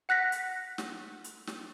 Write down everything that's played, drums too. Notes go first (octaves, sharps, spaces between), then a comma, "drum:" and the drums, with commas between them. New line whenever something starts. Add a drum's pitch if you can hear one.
F#5 F#6 A#6 B6
drum: hi-hat
drum: snare
drum: hi-hat
drum: snare